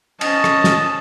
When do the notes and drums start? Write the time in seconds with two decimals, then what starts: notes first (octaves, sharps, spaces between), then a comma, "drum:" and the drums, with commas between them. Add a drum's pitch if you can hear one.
0.21 C#4 D#5 A5, drum: cymbal
0.44 drum: rim click
0.64 drum: snare